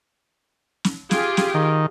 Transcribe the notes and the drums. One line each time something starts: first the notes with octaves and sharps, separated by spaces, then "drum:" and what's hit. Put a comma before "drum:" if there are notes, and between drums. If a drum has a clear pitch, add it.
drum: snare
F4 G4 G#4, drum: snare
drum: snare
D#3